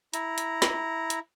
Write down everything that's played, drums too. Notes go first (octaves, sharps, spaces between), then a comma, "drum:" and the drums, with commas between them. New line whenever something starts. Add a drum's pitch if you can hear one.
E4 A#5, drum: hi-hat
drum: hi-hat
drum: snare
drum: hi-hat